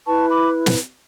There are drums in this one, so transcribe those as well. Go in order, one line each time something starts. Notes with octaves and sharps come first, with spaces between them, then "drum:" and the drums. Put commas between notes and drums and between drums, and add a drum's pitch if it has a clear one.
E4 B4 A5 C#6
B5 D6
drum: snare